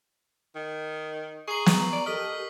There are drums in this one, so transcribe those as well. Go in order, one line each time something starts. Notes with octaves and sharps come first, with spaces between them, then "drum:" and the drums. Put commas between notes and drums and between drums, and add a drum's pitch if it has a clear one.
D#3
G#4 A#5 C#6 C7 F#7
drum: snare
D5
G4 A4 A#4 D#5 F6 B6